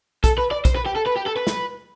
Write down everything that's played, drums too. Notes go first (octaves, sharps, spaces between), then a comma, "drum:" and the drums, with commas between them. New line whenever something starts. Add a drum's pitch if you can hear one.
A4, drum: kick, hi-hat
B4
D5
C5, drum: kick, hi-hat
B4
G4
A4
B4
G4
A4
B4
drum: snare